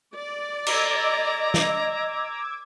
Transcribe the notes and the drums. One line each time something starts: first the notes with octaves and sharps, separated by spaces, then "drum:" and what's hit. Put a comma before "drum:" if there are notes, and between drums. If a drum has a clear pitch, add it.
D5
D#5 A#5 D6 E6 G#6, drum: cymbal
drum: snare